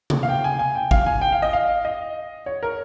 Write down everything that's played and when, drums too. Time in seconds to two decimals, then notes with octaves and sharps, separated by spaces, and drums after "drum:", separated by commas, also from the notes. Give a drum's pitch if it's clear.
0.10 drum: tom C3
0.23 F5
0.29 G5
0.44 G#5
0.59 G#5
0.75 G5
0.91 F5, drum: kick G#1
1.06 G#5
1.21 G5
1.32 F5
1.42 D#5
1.53 F5
1.85 D#5
2.46 C#5
2.63 A#4